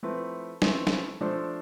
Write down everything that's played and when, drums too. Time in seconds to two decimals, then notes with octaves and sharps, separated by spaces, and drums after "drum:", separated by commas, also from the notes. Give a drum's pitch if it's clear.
0.03 F3 A3 C4 E4 B4
0.62 F3 A3 C4 E4 B4, drum: snare
0.87 drum: snare
1.21 F3 A3 D4 A4 C5